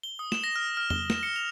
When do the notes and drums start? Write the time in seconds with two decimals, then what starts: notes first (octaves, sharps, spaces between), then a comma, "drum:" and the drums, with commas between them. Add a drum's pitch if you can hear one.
0.03 G7
0.19 D#6
0.32 E7, drum: snare
0.44 A#6
0.56 F6
0.77 F6
0.90 G7, drum: tom E2
1.10 E7, drum: snare
1.23 C#7
1.36 F7